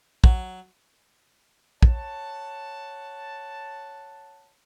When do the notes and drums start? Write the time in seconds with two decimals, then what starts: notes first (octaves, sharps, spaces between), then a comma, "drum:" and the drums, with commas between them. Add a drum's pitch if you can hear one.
0.24 F#3, drum: kick
1.83 C#5 F#5 A5, drum: kick